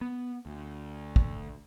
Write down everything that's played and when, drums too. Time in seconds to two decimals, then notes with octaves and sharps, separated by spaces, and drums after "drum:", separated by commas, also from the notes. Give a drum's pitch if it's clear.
0.01 B3
0.46 D2
1.16 drum: kick